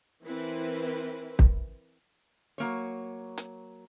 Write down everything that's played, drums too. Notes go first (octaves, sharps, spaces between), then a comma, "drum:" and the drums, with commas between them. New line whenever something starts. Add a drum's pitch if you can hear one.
E3 C4 E4 A#4 B4
drum: kick
F#3 A#3 C#5
drum: hi-hat